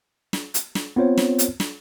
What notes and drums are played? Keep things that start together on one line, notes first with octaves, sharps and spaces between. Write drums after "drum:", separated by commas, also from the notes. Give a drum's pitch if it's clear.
drum: snare
drum: hi-hat
drum: snare
B3 C4 F4 C5 C#5
drum: snare
drum: hi-hat
drum: snare